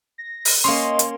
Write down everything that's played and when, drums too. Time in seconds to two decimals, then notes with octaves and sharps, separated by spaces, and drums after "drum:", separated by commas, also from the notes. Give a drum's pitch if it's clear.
0.18 A#6
0.45 drum: open hi-hat
0.64 A#3 C#4 D#5 C6
0.99 drum: hi-hat